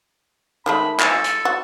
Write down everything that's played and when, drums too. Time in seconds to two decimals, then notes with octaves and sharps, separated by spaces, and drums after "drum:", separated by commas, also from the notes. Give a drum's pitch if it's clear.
0.66 D#3 G#3 A3 B5
1.00 A4, drum: clap
1.24 drum: hi-hat
1.45 F#4